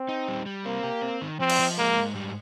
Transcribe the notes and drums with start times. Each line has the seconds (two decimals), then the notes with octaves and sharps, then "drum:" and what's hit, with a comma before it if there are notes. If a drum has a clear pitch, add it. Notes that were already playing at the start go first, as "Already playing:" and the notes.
Already playing: C4
0.09 D#4
0.28 G3
0.46 G3
0.65 A#3 C4
0.83 G4
1.02 C4
1.22 D#3
1.40 F3 C4
1.50 drum: cymbal
1.59 F3
1.78 G#3 A#3
1.97 G#2
2.15 G3